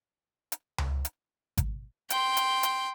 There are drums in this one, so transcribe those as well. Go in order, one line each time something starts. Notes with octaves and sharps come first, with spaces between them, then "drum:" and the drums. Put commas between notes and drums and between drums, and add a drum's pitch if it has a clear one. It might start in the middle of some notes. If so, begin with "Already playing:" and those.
drum: hi-hat
drum: tom C#2
drum: hi-hat
drum: kick G#1, hi-hat
G5 C6, drum: hi-hat
drum: hi-hat
drum: hi-hat